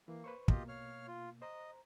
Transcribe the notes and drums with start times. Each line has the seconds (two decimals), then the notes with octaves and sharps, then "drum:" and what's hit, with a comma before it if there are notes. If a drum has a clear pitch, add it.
0.08 E3 A#3
0.24 B4 C5 C#6
0.48 B2 A#3 F4 G4 D#5, drum: kick
0.68 C#5 F5 F6
1.08 F4
1.42 C5 D#5 A#5